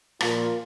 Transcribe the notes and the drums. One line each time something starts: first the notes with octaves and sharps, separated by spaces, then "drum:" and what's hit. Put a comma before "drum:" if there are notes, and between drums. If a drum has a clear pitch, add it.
A#2 F3 A#3 F4 A#4, drum: rim click